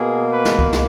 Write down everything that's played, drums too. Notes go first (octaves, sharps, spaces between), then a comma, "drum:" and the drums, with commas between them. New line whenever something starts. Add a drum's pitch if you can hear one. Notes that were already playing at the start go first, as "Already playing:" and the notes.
Already playing: B2 A#3 G#4
B4
drum: snare
drum: kick C2
drum: snare